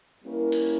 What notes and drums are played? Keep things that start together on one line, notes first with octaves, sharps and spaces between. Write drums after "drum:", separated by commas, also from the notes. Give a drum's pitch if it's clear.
G3 A#3 C#4 E4 A#4
drum: cymbal